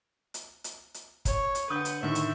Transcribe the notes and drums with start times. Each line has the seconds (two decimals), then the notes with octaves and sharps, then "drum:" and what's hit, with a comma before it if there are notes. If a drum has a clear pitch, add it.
0.34 drum: hi-hat
0.64 drum: hi-hat
0.94 drum: hi-hat
1.25 C#5, drum: kick, hi-hat
1.55 drum: hi-hat
1.70 D3 B4 F#5 D#6 G6
1.85 drum: hi-hat
2.03 A2 D3 D#3 E5 C#6
2.15 drum: hi-hat